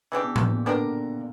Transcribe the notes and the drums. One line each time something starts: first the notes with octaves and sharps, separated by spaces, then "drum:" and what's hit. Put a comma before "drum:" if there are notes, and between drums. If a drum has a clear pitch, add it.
C#3 E3 B3 D4 G4
B2
A#2, drum: tom A2
B2
D3 B3 D4 G4 A#4